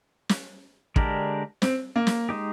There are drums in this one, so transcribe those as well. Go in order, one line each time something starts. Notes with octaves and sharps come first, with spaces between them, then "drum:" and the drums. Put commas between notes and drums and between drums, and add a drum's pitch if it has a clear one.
drum: snare
D3 G#3 D4 G4 A#4, drum: kick
C4, drum: snare
A#3
drum: snare
G#3 D#4 G4